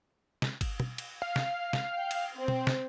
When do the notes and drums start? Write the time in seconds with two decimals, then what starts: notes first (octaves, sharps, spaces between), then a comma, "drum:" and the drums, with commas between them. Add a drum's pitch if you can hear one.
0.42 drum: snare
0.61 drum: kick G1, cymbal
0.80 drum: tom
0.98 drum: cymbal
1.22 F5
1.36 drum: snare
1.73 drum: snare
1.92 G5
2.11 drum: cymbal
2.34 C4
2.48 drum: tom B2
2.67 drum: snare